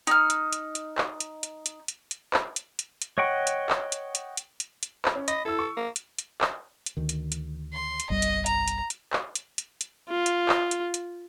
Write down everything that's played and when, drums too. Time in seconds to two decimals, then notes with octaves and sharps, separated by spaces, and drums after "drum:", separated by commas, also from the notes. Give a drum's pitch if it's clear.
0.07 D#4 F6, drum: hi-hat
0.30 drum: hi-hat
0.53 drum: hi-hat
0.75 drum: hi-hat
0.98 drum: clap
1.20 drum: hi-hat
1.43 drum: hi-hat
1.66 drum: hi-hat
1.88 drum: hi-hat
2.11 drum: hi-hat
2.34 drum: clap
2.56 drum: hi-hat
2.79 drum: hi-hat
3.02 drum: hi-hat
3.18 C#5 D#5 F#5 G5 C#6
3.47 drum: hi-hat
3.69 drum: clap
3.92 drum: hi-hat
4.15 drum: hi-hat
4.37 drum: hi-hat
4.60 drum: hi-hat
4.83 drum: hi-hat
5.05 drum: clap
5.15 C#4
5.28 D#5 B5, drum: hi-hat
5.45 E4 A4 E6
5.59 C#6
5.77 A#3
5.96 drum: hi-hat
6.19 drum: hi-hat
6.41 drum: clap
6.86 drum: hi-hat
6.97 D2 D#3
7.09 drum: hi-hat
7.32 drum: hi-hat
7.73 C6
8.00 drum: hi-hat
8.10 G1 C2 G3 D#5
8.22 drum: hi-hat
8.46 A#5, drum: hi-hat
8.68 drum: hi-hat
8.90 drum: hi-hat
9.13 drum: clap
9.35 drum: hi-hat
9.58 drum: hi-hat
9.81 drum: hi-hat
10.10 F4
10.26 drum: hi-hat
10.49 drum: clap
10.71 drum: hi-hat
10.94 drum: hi-hat